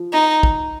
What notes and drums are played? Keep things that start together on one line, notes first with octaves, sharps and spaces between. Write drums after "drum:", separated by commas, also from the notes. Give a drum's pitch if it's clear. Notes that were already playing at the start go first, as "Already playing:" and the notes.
Already playing: F3
D#4
drum: kick